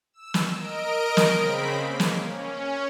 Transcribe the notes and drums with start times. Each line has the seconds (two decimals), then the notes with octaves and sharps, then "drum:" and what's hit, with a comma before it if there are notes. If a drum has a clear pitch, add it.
0.13 E6
0.34 drum: snare
0.53 A#4 D#5 D7
1.17 drum: snare
1.34 C#3 C4 B5 B6
1.78 A#3
2.00 drum: snare
2.20 C#4